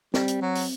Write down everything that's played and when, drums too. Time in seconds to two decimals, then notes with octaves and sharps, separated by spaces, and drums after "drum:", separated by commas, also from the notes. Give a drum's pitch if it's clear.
0.14 G3 C4, drum: snare
0.28 drum: hi-hat
0.41 F#3
0.55 drum: open hi-hat